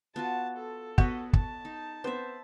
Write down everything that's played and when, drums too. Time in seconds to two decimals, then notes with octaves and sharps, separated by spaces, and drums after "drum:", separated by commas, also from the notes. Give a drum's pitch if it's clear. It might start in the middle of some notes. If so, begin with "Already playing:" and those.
0.16 B3 F4 F#4 A5
0.58 A4
0.98 B3 F#4 B4 C#5 D#5, drum: kick
1.33 A5, drum: kick
1.65 D#4
2.04 B3 C4 C5 E5